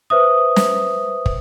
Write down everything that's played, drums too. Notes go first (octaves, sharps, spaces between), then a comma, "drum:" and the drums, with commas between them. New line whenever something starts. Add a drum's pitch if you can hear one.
B4 C5 E5 D#6
drum: snare
drum: kick